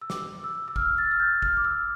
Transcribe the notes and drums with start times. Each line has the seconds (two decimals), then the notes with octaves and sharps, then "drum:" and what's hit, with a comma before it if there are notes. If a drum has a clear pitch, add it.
0.01 E6
0.10 D6, drum: snare
0.44 E6
0.68 E6
0.76 F6, drum: kick
0.98 A6
1.11 F6
1.20 G6
1.42 F6, drum: kick
1.57 D6
1.64 E6